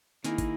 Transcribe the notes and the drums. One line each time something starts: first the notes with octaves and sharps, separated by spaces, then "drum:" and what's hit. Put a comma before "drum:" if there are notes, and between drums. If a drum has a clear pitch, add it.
D#3 A#3 D#4 E4 G#4, drum: snare
drum: kick, hi-hat